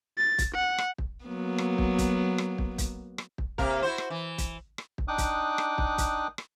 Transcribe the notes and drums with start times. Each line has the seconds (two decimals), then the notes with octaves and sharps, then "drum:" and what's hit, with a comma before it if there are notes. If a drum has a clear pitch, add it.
0.18 A6
0.38 drum: kick, hi-hat
0.54 F#5
0.78 drum: rim click
0.98 drum: kick
1.24 F#3 A#3 B3
1.58 drum: rim click
1.78 drum: kick
1.98 drum: kick, hi-hat
2.38 drum: rim click
2.58 drum: kick
2.78 drum: kick, hi-hat
3.18 drum: rim click
3.38 drum: kick
3.58 C3 A#3 A#4, drum: kick
3.82 E4 F#4 C5
3.98 drum: rim click
4.10 E3
4.38 drum: kick, hi-hat
4.78 drum: rim click
4.98 drum: kick
5.08 D4 D#4 G5 D6 D#6 F#6
5.18 drum: kick, hi-hat
5.58 drum: rim click
5.78 drum: kick
5.98 drum: kick, hi-hat
6.38 drum: rim click